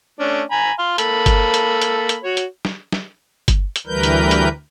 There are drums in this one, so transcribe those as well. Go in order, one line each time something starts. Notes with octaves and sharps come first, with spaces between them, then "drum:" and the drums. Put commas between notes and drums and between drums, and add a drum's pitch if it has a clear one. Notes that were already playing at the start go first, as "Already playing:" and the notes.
A3 C#4 D4
G#5 A#5 B5
F5 C6
A#3 A4 B5, drum: hi-hat
drum: kick G1, hi-hat
drum: hi-hat
drum: hi-hat
drum: hi-hat
F#4 C#5
drum: hi-hat
drum: snare
drum: snare
drum: kick G1, hi-hat
drum: hi-hat
D2 E3 G3 A#4 B4 G6
drum: hi-hat
drum: hi-hat